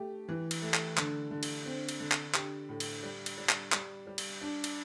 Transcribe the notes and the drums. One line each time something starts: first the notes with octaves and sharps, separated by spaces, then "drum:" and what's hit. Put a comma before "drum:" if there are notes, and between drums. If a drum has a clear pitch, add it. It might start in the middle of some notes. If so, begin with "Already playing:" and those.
Already playing: A3 G4
E3
drum: cymbal
A3
drum: clap
D3, drum: clap
D3
drum: cymbal
C4
drum: cymbal
D3
drum: clap
G4, drum: clap
A2
drum: cymbal
G3
drum: cymbal
G3
drum: clap
G3, drum: clap
G3
drum: cymbal
D4
drum: cymbal